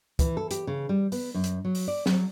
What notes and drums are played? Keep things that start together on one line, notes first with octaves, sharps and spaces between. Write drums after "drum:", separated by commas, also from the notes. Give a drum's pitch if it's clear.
E3, drum: kick, hi-hat
A4
G4, drum: hi-hat
C#3
G3
B3, drum: open hi-hat
F#2
drum: hi-hat
F#3
drum: open hi-hat
D5
F#3, drum: snare